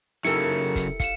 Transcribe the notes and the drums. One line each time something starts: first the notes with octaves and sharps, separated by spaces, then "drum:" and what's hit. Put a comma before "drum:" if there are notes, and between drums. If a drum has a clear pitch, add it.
C#3 F#3 D#4 E4 G4 A4 A#4 C#7, drum: hi-hat
A#4
drum: kick, hi-hat
F5 C#7 E7, drum: kick, hi-hat